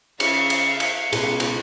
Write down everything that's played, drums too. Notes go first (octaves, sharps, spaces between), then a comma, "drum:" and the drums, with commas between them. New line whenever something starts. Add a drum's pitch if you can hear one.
C#3 E5 F5 C#7, drum: cymbal
drum: cymbal
drum: cymbal
C#2 B2 B3 G#4, drum: cymbal
drum: cymbal